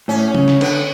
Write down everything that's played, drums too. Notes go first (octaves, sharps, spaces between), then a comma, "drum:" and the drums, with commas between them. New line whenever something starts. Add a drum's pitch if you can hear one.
A2 C#4
C#3, drum: tom
drum: snare
D3 B3, drum: cymbal